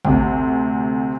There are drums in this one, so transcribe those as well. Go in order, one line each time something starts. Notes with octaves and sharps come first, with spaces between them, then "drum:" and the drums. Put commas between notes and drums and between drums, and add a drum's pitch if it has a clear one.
D2 C3, drum: kick